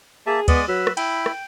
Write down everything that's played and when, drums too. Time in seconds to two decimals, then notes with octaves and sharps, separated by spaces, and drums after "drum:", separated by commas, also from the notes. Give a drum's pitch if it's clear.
0.27 A#3 G#4 E5 A5
0.48 G#3 B3 D5 D#6, drum: kick D2, cymbal
0.68 F#3 B4 E6
0.87 drum: rim click
0.97 E4 G5 B5, drum: cymbal
1.26 drum: rim click